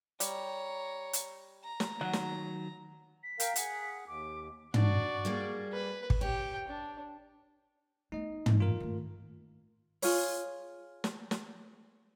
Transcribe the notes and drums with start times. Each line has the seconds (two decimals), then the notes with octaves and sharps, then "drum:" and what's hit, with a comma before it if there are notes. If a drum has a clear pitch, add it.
0.20 G3 C#5 A#5, drum: hi-hat
1.13 drum: hi-hat
1.64 A#5
1.80 drum: snare
2.01 D#3 F#3 F#5
2.13 drum: snare
3.23 B6
3.40 A#4 F5 G5, drum: hi-hat
3.56 G#4 F#5, drum: hi-hat
4.07 D#2 D6
4.74 D4 F#4 D5, drum: tom
5.25 G3 A#3 G#4
5.72 B4
6.10 drum: kick G#1
6.21 G4 C#5 G5
6.68 D4
8.12 A3 B3 D#4 D#5
8.46 E3 A#3, drum: tom
8.60 F4 A#4
8.80 D#3 A3
10.02 F4 G#4 C#5, drum: open hi-hat
11.04 drum: snare
11.31 drum: snare